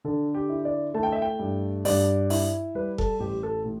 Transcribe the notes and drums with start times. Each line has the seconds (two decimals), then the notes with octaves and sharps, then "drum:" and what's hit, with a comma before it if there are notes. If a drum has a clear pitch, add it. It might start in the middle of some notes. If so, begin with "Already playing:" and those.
0.04 D3 A4
0.34 G4
0.49 E4
0.65 D5
0.94 A3 A5
1.03 G5
1.12 E5
1.22 G5
1.39 G2
1.85 G2 D5, drum: open hi-hat
2.30 E4, drum: open hi-hat
2.75 G3 B4
2.98 A4, drum: kick F1
3.20 A1 G4
3.43 A4
3.65 A2